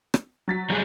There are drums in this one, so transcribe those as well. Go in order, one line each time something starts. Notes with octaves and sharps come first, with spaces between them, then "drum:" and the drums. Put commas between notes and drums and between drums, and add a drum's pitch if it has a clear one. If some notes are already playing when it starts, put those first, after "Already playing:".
drum: rim click
F#3 A6 B6
F#3 G3 G#4 F#6 G6